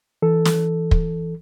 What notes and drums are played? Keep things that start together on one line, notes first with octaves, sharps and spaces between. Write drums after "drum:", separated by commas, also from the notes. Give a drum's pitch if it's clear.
E3 A4
drum: snare
drum: kick